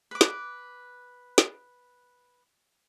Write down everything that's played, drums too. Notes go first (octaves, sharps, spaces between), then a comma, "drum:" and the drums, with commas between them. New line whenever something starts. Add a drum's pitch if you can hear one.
B4 D6
drum: snare
drum: snare